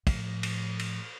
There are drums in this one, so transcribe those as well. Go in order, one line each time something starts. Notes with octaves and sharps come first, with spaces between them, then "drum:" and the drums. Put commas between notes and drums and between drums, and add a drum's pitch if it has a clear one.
A2 F3, drum: kick, cymbal
drum: cymbal
drum: cymbal